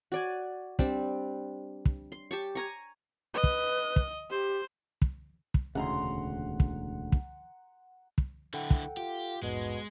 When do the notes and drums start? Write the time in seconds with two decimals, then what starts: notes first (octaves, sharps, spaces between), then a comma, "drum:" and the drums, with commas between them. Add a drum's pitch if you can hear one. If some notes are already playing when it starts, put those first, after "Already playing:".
0.12 F#4 D5 G#5
0.79 G3 C4 D4, drum: kick
1.85 drum: kick
2.12 C6
2.31 G4 A5 C#6
2.55 G#5 A#5 C#6
3.34 B4 D#5
3.44 drum: kick
3.96 drum: kick
4.30 G4 C5
5.02 drum: kick
5.54 drum: kick
5.75 E1 D2 C#3 F#5 A#5 C6
6.60 drum: kick
7.12 drum: kick
8.18 drum: kick
8.54 D3 E4 A4 F#5 G5
8.70 drum: kick
8.97 F4 G4
9.42 A#1 E2 G#2 B2 G#3